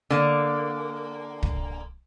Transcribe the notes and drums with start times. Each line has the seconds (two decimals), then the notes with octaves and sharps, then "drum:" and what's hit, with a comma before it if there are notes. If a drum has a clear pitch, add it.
0.10 D3 A#3
1.43 drum: kick